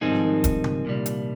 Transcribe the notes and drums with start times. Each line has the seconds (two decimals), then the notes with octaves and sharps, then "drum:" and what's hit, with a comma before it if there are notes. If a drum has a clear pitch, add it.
0.01 G#2 D#3 G3 C4 D#4 G#4
0.12 F3
0.23 D#3
0.44 D#3, drum: kick D#1, hi-hat
0.64 drum: tom C#3
0.85 C2 A#2 G3
1.06 drum: hi-hat